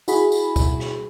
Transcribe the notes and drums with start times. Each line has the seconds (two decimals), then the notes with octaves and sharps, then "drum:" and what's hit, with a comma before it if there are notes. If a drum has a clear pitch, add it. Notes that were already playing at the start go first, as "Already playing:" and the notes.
0.08 E4 F#4 G#4 B5, drum: tambourine
0.32 drum: tambourine
0.56 drum: kick, tambourine
0.80 drum: rim click